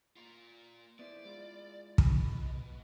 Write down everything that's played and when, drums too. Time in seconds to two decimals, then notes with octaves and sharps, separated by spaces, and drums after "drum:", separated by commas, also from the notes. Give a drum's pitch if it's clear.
0.16 A#3 F4
0.99 B3 E4 C5 D5
1.25 G#3 E4 F4
1.98 B2, drum: kick